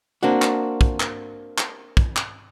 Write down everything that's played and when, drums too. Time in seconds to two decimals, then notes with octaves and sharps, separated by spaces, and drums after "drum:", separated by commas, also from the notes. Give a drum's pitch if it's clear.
0.23 A#3 C4 D4 F#4
0.42 drum: clap
0.81 drum: kick
1.00 drum: clap
1.58 drum: clap
1.97 drum: kick
2.16 drum: clap